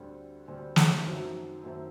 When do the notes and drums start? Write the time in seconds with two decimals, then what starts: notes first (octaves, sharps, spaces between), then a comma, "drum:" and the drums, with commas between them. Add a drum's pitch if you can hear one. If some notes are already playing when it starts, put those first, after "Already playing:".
Already playing: D2 D3 G3 C4
0.48 D2 D3 G3 C4
0.76 drum: snare
1.06 F#2 D#3 F#3 A3 C4
1.64 F#2 D#3 F#3 A3 C4